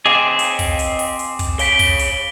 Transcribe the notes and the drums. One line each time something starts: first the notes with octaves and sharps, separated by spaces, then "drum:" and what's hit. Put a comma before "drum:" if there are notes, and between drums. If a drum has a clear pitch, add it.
C4 G#4 D#5 F5 D6
drum: hi-hat
drum: kick, open hi-hat
drum: hi-hat
drum: open hi-hat
drum: hi-hat
drum: kick, hi-hat
C#5 F5 B6 D7 G7, drum: hi-hat
drum: kick, open hi-hat
drum: hi-hat